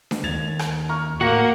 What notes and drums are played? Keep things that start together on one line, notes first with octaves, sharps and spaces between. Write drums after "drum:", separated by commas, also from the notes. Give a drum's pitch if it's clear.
drum: snare D4
D#2 G#6 A6 F7
drum: rim click
A#5 C#6 F6
A2 A#3 F#4 F#5 A#6 C#7